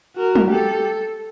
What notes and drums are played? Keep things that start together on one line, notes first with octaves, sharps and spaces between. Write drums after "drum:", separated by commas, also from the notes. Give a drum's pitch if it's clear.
F#4 A#4
drum: tom
G4 A4